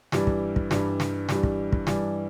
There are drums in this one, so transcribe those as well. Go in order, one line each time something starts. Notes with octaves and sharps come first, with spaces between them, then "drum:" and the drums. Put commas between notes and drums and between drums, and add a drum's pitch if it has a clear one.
G2 E3 G3 D4, drum: snare
drum: kick
drum: kick
G2 E3 G3 D4, drum: snare
drum: snare
G2 E3 G3 D4, drum: snare
drum: kick
drum: kick
G2 E3 G3 D4, drum: snare